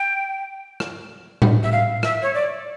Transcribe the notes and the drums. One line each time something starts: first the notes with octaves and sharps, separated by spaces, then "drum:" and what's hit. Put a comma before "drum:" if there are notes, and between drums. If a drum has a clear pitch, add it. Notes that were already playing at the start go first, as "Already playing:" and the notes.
Already playing: G5
drum: rim click
drum: tom A2
E5
F5
E5, drum: rim click
C#5
D5